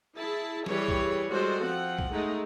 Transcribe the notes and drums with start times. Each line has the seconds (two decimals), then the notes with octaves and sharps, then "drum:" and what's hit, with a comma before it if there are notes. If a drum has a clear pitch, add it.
0.16 E4 G#4 A5
0.66 E3 G3 G4 G#4 C#5, drum: snare
0.88 drum: kick B1
1.29 G3 G#3 F#4 A4 C5
1.64 F3 C4 F#5
1.99 drum: kick B1
2.12 G#3 A3 D#4